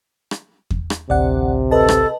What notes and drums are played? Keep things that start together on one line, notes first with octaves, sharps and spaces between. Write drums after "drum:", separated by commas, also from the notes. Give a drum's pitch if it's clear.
drum: rim click
drum: kick E2
drum: rim click
A1 D2 C3 D5 F#5
A4 B4 D#5 A5
drum: rim click